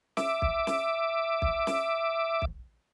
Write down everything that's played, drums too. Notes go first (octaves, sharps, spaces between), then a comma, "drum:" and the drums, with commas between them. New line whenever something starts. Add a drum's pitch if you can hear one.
E5 D6, drum: snare
drum: kick B1
drum: snare
drum: kick B1
drum: snare
drum: kick B1